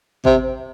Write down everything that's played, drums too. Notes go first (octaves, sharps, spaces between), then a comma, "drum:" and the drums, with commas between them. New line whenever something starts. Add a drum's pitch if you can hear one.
C3, drum: kick G#1